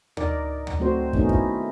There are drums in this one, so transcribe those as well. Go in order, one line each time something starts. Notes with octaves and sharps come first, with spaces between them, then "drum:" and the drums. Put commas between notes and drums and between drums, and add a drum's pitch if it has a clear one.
D#4 A#4 D5, drum: tom D2
drum: tom D2
F#3 A3 C4 F#4 C5
D#3 A3 B3 C#4 D#4, drum: kick
E4, drum: kick